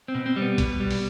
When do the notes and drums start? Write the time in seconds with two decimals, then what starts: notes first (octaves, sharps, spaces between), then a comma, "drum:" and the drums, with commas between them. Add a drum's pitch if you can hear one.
0.08 C4
0.15 B2
0.26 C4
0.36 G3
0.42 B3
0.58 B2, drum: kick A#1, hi-hat
0.80 G3
0.91 drum: open hi-hat